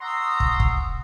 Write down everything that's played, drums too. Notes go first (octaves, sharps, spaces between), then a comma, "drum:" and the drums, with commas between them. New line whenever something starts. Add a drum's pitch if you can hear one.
F#5 A#5 C6 C#6 D#6 E6
drum: kick
drum: kick